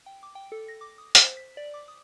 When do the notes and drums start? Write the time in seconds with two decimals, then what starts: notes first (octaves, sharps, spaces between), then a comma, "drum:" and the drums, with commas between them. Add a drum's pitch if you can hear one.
0.06 G5
0.23 D6
0.35 G5
0.52 A4
0.68 A#6
0.81 D6
0.98 D#6
1.15 C5, drum: hi-hat
1.37 B6
1.57 D5
1.74 D6
1.88 D#6